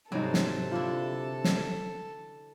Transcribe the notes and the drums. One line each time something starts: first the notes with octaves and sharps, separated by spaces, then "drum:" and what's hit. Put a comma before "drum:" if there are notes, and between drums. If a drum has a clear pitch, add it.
G#2 C3 F#3 G3 C4 D#4 A4
drum: snare
D3 D4 E4 F4
drum: snare